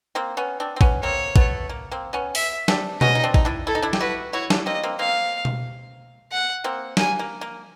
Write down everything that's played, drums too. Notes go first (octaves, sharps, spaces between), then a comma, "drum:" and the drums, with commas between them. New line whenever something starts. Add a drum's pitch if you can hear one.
A#3 C4
B3 C#4
C4 D4
C4
B3 C#4, drum: kick A1
A#3 C4 C#5
A3 B3, drum: kick A1
A#3
A#3 C4
B3 C#4
E5, drum: open hi-hat
C4 D4, drum: snare
B3 C#4 D#5, drum: tom B2
D#4
C4 D4
D#4, drum: kick A1
D4 E4
E4 A4
D#4
D4 E4
G4, drum: snare
E4 F#4 B4
E4 F#4 C#5
D4 E4, drum: snare
A#3 C4 D#5
A#3 C4
A#3 C4 F5
drum: tom B2
F#5
A#3 C4
A#3 G#5, drum: snare
A#3
A#3